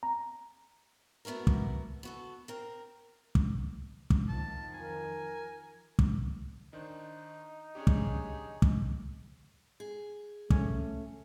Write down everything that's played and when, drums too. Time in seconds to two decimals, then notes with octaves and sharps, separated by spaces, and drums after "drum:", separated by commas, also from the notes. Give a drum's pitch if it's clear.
0.03 A#5
1.25 A3 B3 E4 F#4 A#4
1.47 drum: kick
2.03 B3 F#4 A4
2.48 C4 A#4
3.35 drum: kick
4.10 drum: kick
4.28 F2 D#3 F3 A5
4.74 A#4 G#5
5.99 drum: kick
6.73 D#3 D4 D#4 C5
7.75 C#4 D4 G4 G#4 C#5
7.87 drum: kick
8.62 drum: kick
9.80 G#4
10.50 A3 C#4, drum: kick